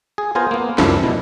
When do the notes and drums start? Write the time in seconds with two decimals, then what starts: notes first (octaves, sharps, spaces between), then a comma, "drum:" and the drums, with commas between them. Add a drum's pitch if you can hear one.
0.18 G#4
0.35 B3 F4 A#4 C5 G#5
0.51 A#3 B3
0.78 C#2 F#2 F3 G3 D4 E4, drum: snare
1.03 B2 E4